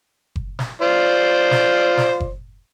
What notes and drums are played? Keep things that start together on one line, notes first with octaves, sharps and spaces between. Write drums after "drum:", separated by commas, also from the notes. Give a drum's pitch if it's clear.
drum: kick F#1
drum: snare
F4 C5 D5
drum: snare
drum: snare
drum: kick F#1